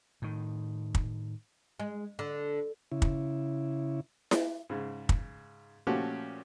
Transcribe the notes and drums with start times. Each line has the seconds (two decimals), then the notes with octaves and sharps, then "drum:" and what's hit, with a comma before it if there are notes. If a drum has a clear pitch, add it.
0.22 A2 D#3
0.95 drum: kick
1.80 G#3
2.19 D3
2.92 C#3 E4
3.02 drum: kick
4.31 drum: snare E4
4.70 G#2 C#3
5.09 drum: kick
5.87 A#2 F3 A3 C#4 F#4 G4